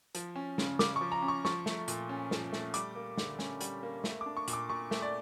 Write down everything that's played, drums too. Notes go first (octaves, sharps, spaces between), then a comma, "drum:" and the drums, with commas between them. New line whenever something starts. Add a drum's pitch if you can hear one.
F3, drum: hi-hat
C#4
C#3, drum: snare
C#3 D6, drum: snare
F3 C#6
A#5
C#4
C#6
F3 C#6, drum: snare
A3, drum: snare
A#2, drum: hi-hat
C#4
F3, drum: snare
A3, drum: snare
G3 D6, drum: hi-hat
A#3
D3, drum: snare
C#4, drum: snare
G3, drum: hi-hat
A#3
A3, drum: snare
D4 D6
C#6
A#2, drum: hi-hat
D6
A#2 C#6
A3, drum: snare
D5